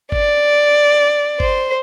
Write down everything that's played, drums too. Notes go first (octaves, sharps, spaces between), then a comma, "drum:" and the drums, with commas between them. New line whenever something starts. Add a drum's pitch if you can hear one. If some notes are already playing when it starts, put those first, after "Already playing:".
D5, drum: kick G1
C5, drum: kick G1